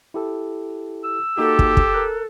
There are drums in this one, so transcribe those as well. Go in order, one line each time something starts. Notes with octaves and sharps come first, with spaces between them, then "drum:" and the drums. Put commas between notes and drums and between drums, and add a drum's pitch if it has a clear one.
E4 G4 A4
E6
A#3 D#4 F#4 G4 A4
drum: kick
drum: kick
A#4 F#6